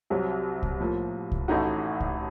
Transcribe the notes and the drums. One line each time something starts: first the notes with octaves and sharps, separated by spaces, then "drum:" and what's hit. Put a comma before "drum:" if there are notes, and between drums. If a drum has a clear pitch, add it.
C2 C3 F#3
drum: kick C2
A2 F3 A#3
drum: kick C2
A1 A2 A3 D#4 F#4
drum: kick C2